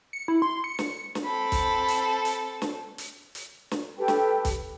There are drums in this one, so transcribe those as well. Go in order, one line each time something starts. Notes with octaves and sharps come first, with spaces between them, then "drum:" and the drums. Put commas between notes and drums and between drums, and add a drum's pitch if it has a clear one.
C#7
E4
C6
C#7
drum: snare
drum: snare
C4 A4 B5
drum: kick B1, hi-hat
drum: hi-hat
drum: hi-hat
drum: snare
drum: hi-hat
drum: hi-hat
drum: snare
G4 A4 B4 G5
drum: snare
drum: kick B1, hi-hat